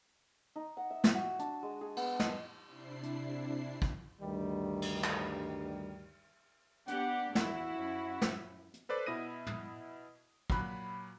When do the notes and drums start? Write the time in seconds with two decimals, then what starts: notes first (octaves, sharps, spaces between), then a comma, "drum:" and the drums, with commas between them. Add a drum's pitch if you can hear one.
0.56 D#4
0.77 F#5
0.90 E5
1.04 drum: snare
1.14 F#4
1.39 D4, drum: hi-hat
1.63 G#3
1.81 G#4
1.96 B3, drum: cymbal
2.19 D#5, drum: snare
2.65 C3 D4 E4 C7
3.03 drum: hi-hat
3.82 drum: kick
4.21 D2 G2 D#3 G3
4.82 drum: cymbal
5.04 drum: clap
6.88 B3 D4 G4 F#5, drum: hi-hat
7.35 E2 E4 F#4, drum: snare
7.74 F#2 C#4
8.21 drum: snare
8.74 drum: hi-hat
8.89 A4 B4 C5 D5
9.06 B2 E4 D#6 A#6 D#7
9.47 drum: tom
10.50 A#2 F#3 B5 F#6, drum: kick